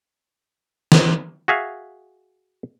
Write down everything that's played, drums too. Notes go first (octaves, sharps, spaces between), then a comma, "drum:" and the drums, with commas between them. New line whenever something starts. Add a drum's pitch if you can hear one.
drum: snare
F#4 G#4 E5 F5